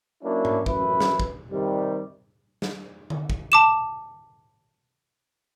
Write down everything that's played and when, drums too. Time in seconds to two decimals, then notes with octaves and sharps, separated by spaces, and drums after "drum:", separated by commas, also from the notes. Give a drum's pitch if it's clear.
0.23 F#3 A#3 C#4 D4 E4
0.45 drum: tom G#2
0.66 A1 F#2 E4 B4, drum: kick
1.00 drum: snare
1.20 drum: kick
1.51 C3 D#3 G3
2.62 drum: snare
3.10 drum: tom D3
3.30 drum: kick
3.52 A5 D6 E7